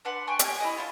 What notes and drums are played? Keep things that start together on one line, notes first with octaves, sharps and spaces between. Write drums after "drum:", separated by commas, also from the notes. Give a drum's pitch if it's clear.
D4 B4 F#5 C6
G5 G#5 C#6 F#6
G4 G#5, drum: hi-hat
E4 G#4 D#5
F4 E5 A5